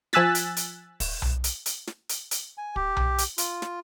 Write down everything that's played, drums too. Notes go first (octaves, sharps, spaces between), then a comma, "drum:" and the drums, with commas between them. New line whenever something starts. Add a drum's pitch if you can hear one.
F3 G#5 E6 F#6 A6 B6, drum: snare
drum: hi-hat
drum: hi-hat
drum: kick, open hi-hat
drum: tom B1
drum: hi-hat
drum: hi-hat
drum: snare
drum: hi-hat
drum: hi-hat
G#5
G4, drum: kick
drum: tom B1
drum: hi-hat
F4, drum: hi-hat
drum: snare